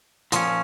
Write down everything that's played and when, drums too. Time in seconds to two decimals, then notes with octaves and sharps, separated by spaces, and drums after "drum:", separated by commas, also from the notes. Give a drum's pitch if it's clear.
0.32 A#2 F3 C#4, drum: hi-hat